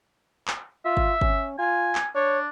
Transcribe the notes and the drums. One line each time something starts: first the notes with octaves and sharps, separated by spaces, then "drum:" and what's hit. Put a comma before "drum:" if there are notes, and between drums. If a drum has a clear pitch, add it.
drum: clap
F4 E5
drum: kick G1
C#4, drum: kick G1
F4 G#5
drum: clap
D4 C#5